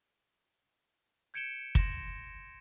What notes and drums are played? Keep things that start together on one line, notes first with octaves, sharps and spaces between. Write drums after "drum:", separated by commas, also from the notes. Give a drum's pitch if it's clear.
G6 G#6 C#7 D7 E7 G7
C6 A#6 E7, drum: kick